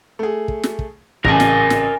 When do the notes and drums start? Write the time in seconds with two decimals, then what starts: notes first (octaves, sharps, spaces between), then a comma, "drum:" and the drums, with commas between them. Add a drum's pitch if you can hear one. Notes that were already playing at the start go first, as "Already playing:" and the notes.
0.19 A3 G#4
0.48 drum: kick
0.63 drum: snare
0.79 drum: kick
1.25 A1 C#3 A#4 G#5 A5, drum: kick
1.40 drum: snare
1.70 drum: snare